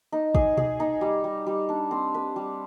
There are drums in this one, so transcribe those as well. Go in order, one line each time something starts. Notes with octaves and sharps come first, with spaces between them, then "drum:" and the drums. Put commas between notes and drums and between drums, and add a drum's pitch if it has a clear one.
D#4
G#4, drum: kick
G#4, drum: tom B2
D#4
G3
G3
G3
D4
C4
B4
G3